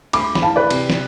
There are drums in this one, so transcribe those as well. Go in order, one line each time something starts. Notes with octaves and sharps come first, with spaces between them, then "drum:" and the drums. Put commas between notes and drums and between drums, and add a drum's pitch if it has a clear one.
D2 B5 D6, drum: cymbal
B5, drum: snare
E3 F5 A5
B4 D5
C3, drum: cymbal
drum: snare